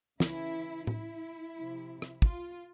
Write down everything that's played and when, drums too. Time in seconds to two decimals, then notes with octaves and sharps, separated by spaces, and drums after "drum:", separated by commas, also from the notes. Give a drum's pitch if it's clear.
0.20 C#3 E3 E4, drum: snare
0.87 E4, drum: tom A2
1.55 C3 F3
2.02 drum: rim click
2.22 F4, drum: kick